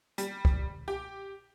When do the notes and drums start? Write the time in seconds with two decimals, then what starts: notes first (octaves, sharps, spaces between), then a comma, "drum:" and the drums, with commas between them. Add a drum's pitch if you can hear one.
0.18 G3, drum: hi-hat
0.45 drum: kick
0.88 G4